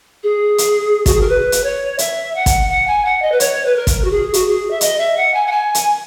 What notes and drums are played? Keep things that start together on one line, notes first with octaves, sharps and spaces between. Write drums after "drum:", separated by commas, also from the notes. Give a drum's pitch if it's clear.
G#4
drum: hi-hat
F#4, drum: kick, hi-hat
G#4
A#4
B4
drum: hi-hat
C#5
E5, drum: hi-hat
F#5
drum: kick, hi-hat
F#5
G#5
F#5
D#5
B4
C#5, drum: hi-hat
B4
A#4
drum: kick, hi-hat
F#4
G#4
F#4, drum: hi-hat
G#4
E5
D#5, drum: hi-hat
E5
F#5
G#5
F#5
G#5
drum: hi-hat